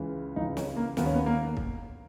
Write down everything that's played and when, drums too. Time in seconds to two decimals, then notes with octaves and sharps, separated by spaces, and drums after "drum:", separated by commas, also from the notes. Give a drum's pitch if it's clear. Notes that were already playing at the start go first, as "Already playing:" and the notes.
Already playing: C#2 C#3 E3
0.36 C#2 C#3 E3 D#4
0.57 C#4, drum: snare
0.77 A#3
0.97 D#2 D#3 B3, drum: snare
1.06 C#4
1.14 B3
1.26 A#3
1.57 drum: kick C2